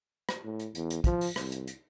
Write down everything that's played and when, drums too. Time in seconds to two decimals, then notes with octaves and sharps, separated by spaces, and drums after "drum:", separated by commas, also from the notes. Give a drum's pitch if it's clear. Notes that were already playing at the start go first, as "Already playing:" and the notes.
0.29 drum: rim click
0.44 A2
0.60 drum: hi-hat
0.75 E2, drum: hi-hat
0.90 drum: hi-hat
1.04 F3, drum: kick, hi-hat
1.21 drum: open hi-hat
1.36 C2, drum: rim click
1.52 drum: hi-hat
1.67 drum: hi-hat